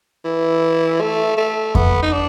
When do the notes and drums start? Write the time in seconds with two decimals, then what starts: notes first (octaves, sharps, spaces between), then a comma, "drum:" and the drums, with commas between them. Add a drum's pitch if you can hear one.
0.25 E3
1.00 A3
1.37 A3
1.75 B3, drum: kick F2
2.02 D#4
2.12 D4